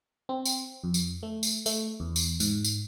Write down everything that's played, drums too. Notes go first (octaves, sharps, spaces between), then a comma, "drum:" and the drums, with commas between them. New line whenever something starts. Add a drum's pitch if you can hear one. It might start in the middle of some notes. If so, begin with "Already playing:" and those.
C4
drum: tambourine
F2
drum: tambourine
A3
drum: tambourine
A3, drum: tambourine
E2
drum: tambourine
G#2, drum: tambourine
drum: tambourine